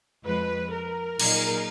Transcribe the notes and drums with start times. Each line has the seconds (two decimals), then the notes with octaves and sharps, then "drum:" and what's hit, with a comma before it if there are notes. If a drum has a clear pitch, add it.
0.25 F2 F3 G#3 B4
0.72 A#4
1.20 A#2 F#3 A#3 D#4 G#4, drum: cymbal